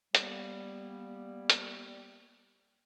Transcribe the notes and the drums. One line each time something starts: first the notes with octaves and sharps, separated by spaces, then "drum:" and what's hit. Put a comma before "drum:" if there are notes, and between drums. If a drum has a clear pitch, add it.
G3 A#3 B3, drum: hi-hat
drum: hi-hat